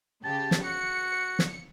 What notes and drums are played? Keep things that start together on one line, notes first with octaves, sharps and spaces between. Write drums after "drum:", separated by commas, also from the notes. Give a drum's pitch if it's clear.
C#3 G4 A5
drum: snare
F#4 C#7
drum: snare